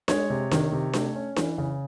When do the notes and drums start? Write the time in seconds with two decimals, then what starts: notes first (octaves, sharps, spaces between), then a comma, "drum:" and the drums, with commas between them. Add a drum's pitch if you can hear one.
0.08 G#3 C#5, drum: snare D4
0.30 C3
0.51 D#3, drum: snare D4
0.72 C3
0.93 A3, drum: snare D4
1.15 C#4
1.36 E3, drum: snare D4
1.58 C#3